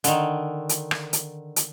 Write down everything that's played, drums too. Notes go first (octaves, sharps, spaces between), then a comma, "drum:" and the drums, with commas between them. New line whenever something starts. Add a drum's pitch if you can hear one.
D3 D#3, drum: hi-hat
drum: hi-hat
drum: rim click
drum: hi-hat
drum: hi-hat